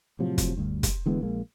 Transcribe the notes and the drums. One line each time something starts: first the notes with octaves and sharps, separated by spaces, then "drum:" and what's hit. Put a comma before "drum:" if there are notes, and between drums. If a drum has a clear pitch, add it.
A2 C3 F3 F#3
drum: kick, hi-hat
D2 G2
drum: kick, hi-hat
D3 E3 G#3 B3
A#1 G#3 A#3